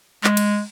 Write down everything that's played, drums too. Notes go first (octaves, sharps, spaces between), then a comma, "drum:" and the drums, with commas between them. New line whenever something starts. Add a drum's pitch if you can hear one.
G#3, drum: clap
drum: cymbal